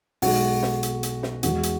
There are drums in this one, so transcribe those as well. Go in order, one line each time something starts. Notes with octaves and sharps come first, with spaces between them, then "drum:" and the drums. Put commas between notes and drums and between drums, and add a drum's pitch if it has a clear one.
B1 B2 G#3 F#4, drum: open hi-hat
drum: snare
drum: hi-hat
drum: hi-hat
drum: snare
E2 E3 G#3 F#4, drum: hi-hat
drum: hi-hat